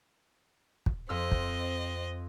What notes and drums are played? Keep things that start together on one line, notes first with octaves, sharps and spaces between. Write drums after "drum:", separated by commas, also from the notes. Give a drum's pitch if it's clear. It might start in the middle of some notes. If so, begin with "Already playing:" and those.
drum: kick
F2 C4 D#5 E6 F6
drum: kick